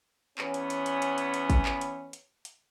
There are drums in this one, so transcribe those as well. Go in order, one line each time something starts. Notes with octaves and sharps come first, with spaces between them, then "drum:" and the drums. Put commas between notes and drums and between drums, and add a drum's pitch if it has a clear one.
E2 B3 C#4, drum: clap
drum: hi-hat
drum: hi-hat
drum: hi-hat
drum: hi-hat
drum: hi-hat
drum: hi-hat
drum: kick, hi-hat
drum: clap
drum: hi-hat
drum: hi-hat
drum: hi-hat